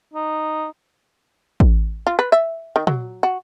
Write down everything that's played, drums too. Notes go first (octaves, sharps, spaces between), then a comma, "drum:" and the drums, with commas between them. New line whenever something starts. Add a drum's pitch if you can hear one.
D#4
drum: kick A1
F4
B4
E5
D#3
F#3, drum: tom
F#4